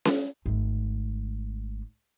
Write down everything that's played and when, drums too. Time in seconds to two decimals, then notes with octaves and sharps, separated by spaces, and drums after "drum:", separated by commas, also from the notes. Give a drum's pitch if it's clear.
0.05 drum: snare C#4
0.46 G#1 A3